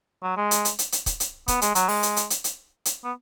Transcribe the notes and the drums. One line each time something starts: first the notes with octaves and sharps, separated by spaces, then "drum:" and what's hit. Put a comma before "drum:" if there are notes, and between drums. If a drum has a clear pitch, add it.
F#3
G#3
drum: hi-hat
drum: hi-hat
drum: hi-hat
drum: hi-hat
drum: kick, hi-hat
drum: hi-hat
B3, drum: kick, hi-hat
G#3, drum: hi-hat
F#3, drum: hi-hat
G#3, drum: open hi-hat
drum: hi-hat
drum: hi-hat
drum: hi-hat
drum: hi-hat
drum: hi-hat
B3